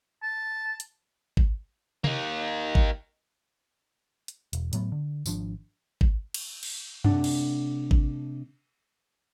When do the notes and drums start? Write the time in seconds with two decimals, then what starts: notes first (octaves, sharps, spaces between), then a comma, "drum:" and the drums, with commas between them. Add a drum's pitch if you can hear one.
0.23 A5
0.80 drum: hi-hat
1.37 drum: kick
2.04 A#3 D#4, drum: tom
2.75 drum: kick
4.28 drum: hi-hat
4.53 E1, drum: hi-hat
4.73 A2 F#3 A3 B3, drum: hi-hat
4.92 D3
5.26 G#1 F3 D4, drum: tambourine
6.01 drum: kick
6.34 drum: cymbal
6.63 drum: cymbal
7.04 C3 A3 D4 F#5, drum: tom F#2
7.24 drum: cymbal
7.91 drum: kick